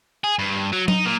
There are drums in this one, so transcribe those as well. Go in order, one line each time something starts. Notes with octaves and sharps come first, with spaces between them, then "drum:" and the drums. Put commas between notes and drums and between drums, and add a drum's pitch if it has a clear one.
G#4
G2
F#3
D#4, drum: tom F#3
A#2